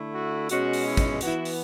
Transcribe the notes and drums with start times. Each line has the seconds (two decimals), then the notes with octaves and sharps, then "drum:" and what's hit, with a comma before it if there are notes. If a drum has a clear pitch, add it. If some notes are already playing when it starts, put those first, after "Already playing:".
Already playing: D3 A3 E4
0.14 F#4
0.49 B2 G#3 C#4 F#4, drum: hi-hat
0.73 drum: open hi-hat
0.85 E4
0.97 drum: kick, hi-hat
1.21 E3 B3 E4 F#4, drum: hi-hat
1.45 drum: open hi-hat